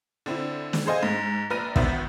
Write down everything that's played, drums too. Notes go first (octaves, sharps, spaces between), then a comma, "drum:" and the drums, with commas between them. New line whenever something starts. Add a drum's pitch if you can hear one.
D3 C4 E4
drum: snare
G#4 A4 C5 D#5 F5 G#5
G#2
A#1 B4 A#5 F6 A#6 D#7
G#1 D#3 B3 C5 E5, drum: kick